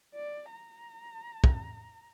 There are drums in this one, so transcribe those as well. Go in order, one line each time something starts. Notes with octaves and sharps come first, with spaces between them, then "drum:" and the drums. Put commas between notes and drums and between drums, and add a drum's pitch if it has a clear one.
D5
A#5
drum: kick